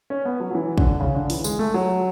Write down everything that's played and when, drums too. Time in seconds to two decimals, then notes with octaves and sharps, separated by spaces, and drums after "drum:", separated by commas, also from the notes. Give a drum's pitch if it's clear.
0.10 C#4
0.25 B3
0.40 F#3
0.51 F#3
0.55 E3
0.78 D3, drum: kick
1.00 C#3
1.15 D3
1.30 E3, drum: open hi-hat
1.44 G#3, drum: tambourine
1.59 A3
1.74 F#3